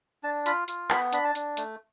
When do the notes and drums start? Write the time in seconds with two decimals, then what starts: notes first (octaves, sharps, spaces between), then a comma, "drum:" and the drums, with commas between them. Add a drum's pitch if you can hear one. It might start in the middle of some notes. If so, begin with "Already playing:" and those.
0.23 D4 A5
0.46 F4 B5, drum: hi-hat
0.68 F4, drum: hi-hat
0.90 B3 B5, drum: clap
1.13 D4 B5, drum: hi-hat
1.24 A5
1.35 D4, drum: hi-hat
1.57 A3, drum: hi-hat